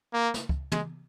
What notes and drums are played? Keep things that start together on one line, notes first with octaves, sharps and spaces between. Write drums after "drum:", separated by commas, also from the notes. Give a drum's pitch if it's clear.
A#3
drum: snare
drum: kick C#2
G#3, drum: tom